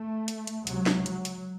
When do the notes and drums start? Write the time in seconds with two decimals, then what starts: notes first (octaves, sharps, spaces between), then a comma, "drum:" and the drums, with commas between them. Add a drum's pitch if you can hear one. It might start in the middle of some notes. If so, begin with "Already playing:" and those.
Already playing: A3
0.28 drum: hi-hat
0.47 drum: hi-hat
0.67 C#2 C3 F#3, drum: hi-hat
0.86 drum: snare
1.06 F#3, drum: hi-hat
1.25 drum: hi-hat